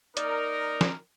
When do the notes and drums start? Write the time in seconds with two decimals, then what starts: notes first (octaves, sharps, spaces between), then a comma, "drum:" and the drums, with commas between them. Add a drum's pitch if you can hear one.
0.17 A#3 D#4 A#4 D5, drum: hi-hat
0.81 drum: snare